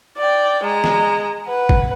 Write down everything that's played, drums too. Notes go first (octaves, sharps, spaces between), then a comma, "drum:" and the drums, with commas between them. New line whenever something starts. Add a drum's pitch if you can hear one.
D5 G5
G#3 A#5
drum: snare E3
B4 F#5
drum: kick